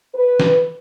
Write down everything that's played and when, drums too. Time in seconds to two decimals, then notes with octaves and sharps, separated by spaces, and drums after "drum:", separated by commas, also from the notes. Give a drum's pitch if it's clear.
0.14 B4
0.40 drum: snare